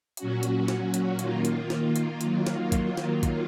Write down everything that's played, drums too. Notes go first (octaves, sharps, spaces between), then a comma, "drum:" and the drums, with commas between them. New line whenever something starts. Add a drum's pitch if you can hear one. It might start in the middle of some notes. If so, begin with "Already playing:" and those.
A#2 F#3 C#4 F#4, drum: hi-hat
drum: hi-hat
drum: snare
drum: hi-hat
D#3 A#3 F4, drum: hi-hat
drum: hi-hat
drum: snare
drum: hi-hat
D#3 F#3 A#3 F4, drum: hi-hat
drum: snare
drum: kick, hi-hat
drum: snare
drum: kick, hi-hat